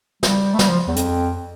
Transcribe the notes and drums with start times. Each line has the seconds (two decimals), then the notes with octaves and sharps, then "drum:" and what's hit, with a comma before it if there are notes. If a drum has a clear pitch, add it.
0.23 G3, drum: snare
0.54 A3
0.59 G3, drum: snare
0.69 F3
0.88 E2
0.96 F2, drum: hi-hat